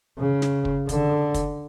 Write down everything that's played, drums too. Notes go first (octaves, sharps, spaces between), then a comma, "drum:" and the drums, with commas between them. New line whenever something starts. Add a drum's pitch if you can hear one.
C#3
drum: snare
drum: kick
D3, drum: kick, hi-hat
drum: kick, hi-hat